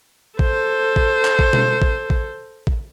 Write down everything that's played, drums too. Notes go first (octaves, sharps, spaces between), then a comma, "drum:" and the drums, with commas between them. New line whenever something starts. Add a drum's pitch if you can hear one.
A4 C5, drum: kick A1
drum: kick A1
drum: clap
drum: kick A1
drum: tom
drum: kick A1
drum: kick A1
drum: kick A1